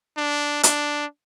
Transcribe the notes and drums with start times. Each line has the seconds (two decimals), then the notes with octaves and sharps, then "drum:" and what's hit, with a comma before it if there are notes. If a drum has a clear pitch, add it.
0.17 D4
0.63 D4, drum: hi-hat